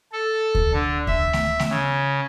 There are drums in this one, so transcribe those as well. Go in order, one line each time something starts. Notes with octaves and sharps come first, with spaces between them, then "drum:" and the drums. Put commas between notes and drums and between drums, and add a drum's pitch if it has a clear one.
A4
drum: kick D2
D3
E5, drum: kick D2
drum: snare A3
drum: snare A3
C#3